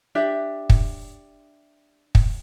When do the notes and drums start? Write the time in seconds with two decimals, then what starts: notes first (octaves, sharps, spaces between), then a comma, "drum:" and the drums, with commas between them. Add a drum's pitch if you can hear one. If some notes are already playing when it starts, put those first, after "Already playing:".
0.15 D4 G4 E5
0.70 drum: kick
2.15 drum: kick